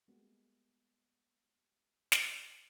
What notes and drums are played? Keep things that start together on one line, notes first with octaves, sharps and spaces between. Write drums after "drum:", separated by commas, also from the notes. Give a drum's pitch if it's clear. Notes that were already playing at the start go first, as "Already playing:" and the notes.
G3 G#3 A#3 B3 F#4 G4
drum: snare